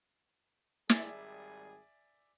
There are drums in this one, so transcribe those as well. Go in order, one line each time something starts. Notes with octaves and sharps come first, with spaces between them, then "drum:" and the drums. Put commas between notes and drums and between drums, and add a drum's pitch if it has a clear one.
G#1 G3 G#4 D5 E5 G#5, drum: snare